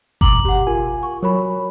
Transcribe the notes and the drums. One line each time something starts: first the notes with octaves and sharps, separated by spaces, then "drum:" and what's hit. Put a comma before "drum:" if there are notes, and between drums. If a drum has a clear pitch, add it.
B2 A#5 D6 F#7, drum: kick G1
G4 F#5
F4 A#4 G#5
C#6
F#3 A#4 C#5 B5